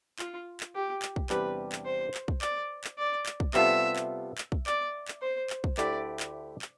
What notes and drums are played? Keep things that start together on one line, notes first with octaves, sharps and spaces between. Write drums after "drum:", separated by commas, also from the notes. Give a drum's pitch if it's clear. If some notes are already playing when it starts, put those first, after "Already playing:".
F4, drum: clap
drum: clap
G4
drum: clap
drum: kick
E2 C3 G3 D4 G4 B4, drum: clap
drum: clap
C5
drum: clap
drum: kick
D5, drum: clap
drum: clap
D5
drum: clap
drum: kick
C3 G3 B3 F4 A4 E5, drum: clap
drum: clap
drum: clap
drum: kick
D5, drum: clap
drum: clap
C5
drum: clap
drum: kick
D2 D3 A3 E4 G4 D5, drum: clap
drum: clap
drum: clap